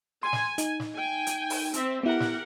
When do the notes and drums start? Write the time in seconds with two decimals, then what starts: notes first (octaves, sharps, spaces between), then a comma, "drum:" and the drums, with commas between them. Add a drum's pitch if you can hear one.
0.23 G#5 C6
0.33 drum: snare
0.58 D#4, drum: hi-hat
0.80 drum: snare
0.95 G5 G#5
1.27 drum: hi-hat
1.50 drum: open hi-hat
1.73 C4 E5, drum: hi-hat
2.03 B3 E4 G4 A#4 F#5
2.20 drum: snare